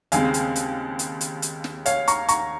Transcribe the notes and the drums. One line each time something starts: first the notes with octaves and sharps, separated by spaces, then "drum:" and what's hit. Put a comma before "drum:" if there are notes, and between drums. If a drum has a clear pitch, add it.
D#2 C#3 G#3 C4 F5 G#5, drum: hi-hat
drum: hi-hat
drum: hi-hat
drum: hi-hat
drum: hi-hat
drum: hi-hat
drum: snare
C#5 F5, drum: hi-hat
A#5 C#6, drum: hi-hat
A#5 C#6, drum: hi-hat